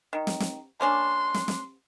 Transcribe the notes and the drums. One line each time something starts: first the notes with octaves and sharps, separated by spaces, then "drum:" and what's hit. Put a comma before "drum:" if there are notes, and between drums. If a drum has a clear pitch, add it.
D#3
drum: snare
drum: snare
A#3 C#4 D4 C6
drum: snare
drum: snare